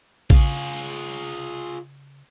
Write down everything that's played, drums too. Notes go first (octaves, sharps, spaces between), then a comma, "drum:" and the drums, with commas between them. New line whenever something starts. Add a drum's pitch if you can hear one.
C#3 F4 G#4, drum: kick